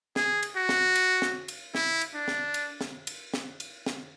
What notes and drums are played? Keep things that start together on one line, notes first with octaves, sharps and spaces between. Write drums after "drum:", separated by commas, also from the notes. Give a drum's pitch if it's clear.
G#4, drum: snare
drum: cymbal
F#4
drum: snare
drum: cymbal
drum: snare
drum: cymbal
E4, drum: snare
drum: cymbal
D4
drum: snare
drum: cymbal
drum: snare
drum: cymbal
drum: snare
drum: cymbal
drum: snare